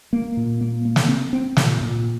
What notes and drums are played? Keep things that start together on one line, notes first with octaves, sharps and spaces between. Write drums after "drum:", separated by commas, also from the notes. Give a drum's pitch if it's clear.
A#3
A#2
A#3
A#3
drum: snare
C4
C4
A#2, drum: snare
A#2